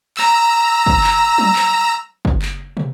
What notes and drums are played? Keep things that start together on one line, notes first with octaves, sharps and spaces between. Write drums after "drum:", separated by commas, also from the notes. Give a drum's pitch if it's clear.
A#5 E6, drum: clap
drum: kick
drum: clap
drum: tom F#3
drum: clap
drum: kick
drum: clap
drum: tom